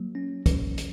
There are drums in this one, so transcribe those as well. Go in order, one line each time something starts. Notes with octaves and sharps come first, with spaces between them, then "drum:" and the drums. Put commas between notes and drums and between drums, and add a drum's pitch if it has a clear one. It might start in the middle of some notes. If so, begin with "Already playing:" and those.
Already playing: F#3 A#3
C#4
C#4, drum: kick, hi-hat
drum: hi-hat